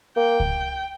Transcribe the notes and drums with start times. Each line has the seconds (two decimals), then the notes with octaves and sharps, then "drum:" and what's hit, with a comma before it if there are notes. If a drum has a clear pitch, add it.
0.17 A#3 G5
0.40 drum: kick C#2